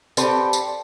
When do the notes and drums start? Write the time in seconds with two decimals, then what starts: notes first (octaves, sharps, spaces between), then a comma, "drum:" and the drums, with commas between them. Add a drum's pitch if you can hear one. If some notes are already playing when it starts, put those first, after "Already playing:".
0.17 C4 G4 A4 B4 C5 D5, drum: tambourine
0.53 drum: tambourine